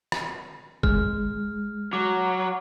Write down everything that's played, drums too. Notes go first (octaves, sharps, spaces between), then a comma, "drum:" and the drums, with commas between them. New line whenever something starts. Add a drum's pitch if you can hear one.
drum: rim click
G#3 F6, drum: kick
F#3 D6